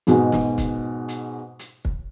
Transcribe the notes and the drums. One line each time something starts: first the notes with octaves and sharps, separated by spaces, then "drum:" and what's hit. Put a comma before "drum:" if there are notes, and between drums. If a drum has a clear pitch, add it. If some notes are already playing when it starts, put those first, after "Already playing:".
G#2 B2 G#3, drum: hi-hat
drum: snare
drum: kick, hi-hat
drum: hi-hat
drum: hi-hat
drum: kick